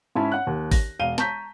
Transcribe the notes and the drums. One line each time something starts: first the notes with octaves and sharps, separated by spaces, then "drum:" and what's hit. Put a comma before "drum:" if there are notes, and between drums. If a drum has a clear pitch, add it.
G#2 C#4 E4 C#5 A5 B5
F#5 F#6
D#2
A#6, drum: kick, open hi-hat
E1 F5 D#7 G7
A5 A#5 C#6 G6 B6, drum: snare